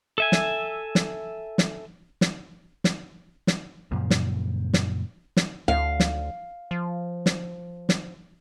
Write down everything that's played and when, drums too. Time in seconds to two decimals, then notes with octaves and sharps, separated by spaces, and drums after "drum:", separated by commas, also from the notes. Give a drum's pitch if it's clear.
0.18 A4 E5 G#5
0.32 drum: snare
0.95 drum: snare
1.58 drum: snare
2.21 drum: snare
2.84 drum: snare
3.47 drum: snare
3.91 F#2 A#2 C#3 F3
4.10 drum: snare
4.73 drum: snare
5.37 drum: snare
5.68 D2 F5
6.00 drum: snare
6.71 F3
7.26 drum: snare
7.89 drum: snare